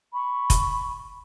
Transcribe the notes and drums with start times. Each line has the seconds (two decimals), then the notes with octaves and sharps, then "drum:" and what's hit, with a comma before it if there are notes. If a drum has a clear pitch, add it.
0.14 B5 C#6
0.50 drum: kick F1, hi-hat